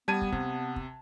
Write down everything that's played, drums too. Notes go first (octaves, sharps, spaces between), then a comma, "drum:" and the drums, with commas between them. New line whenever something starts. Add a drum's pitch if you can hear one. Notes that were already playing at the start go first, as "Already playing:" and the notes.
G3 B3 A5 G#6 D#7
drum: kick
C3, drum: kick
drum: kick